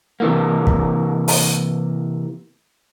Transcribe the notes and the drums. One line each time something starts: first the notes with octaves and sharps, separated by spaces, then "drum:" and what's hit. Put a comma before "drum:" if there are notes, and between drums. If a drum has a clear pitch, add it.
C3 E3 A#3
drum: kick
drum: open hi-hat